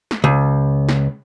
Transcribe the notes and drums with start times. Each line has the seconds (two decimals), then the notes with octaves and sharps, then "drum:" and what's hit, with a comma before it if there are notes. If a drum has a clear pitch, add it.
0.11 drum: snare
0.24 C#2
0.89 drum: snare